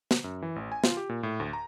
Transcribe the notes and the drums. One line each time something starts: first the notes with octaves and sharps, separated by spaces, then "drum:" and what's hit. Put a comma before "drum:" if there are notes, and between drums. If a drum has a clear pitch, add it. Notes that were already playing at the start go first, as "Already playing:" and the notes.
drum: snare
F#2
E3
A1
G#5
F4, drum: snare
G4
A#2
A2
D2
A#5